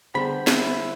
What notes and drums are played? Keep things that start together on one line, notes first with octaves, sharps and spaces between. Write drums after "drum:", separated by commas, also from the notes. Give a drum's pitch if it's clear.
D3 G3 B3 G#4 C5 A5 B5
E4, drum: snare